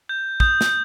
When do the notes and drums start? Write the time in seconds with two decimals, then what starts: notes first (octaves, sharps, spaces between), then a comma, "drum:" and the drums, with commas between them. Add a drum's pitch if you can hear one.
0.09 G6
0.40 D#6 G6, drum: kick
0.61 drum: snare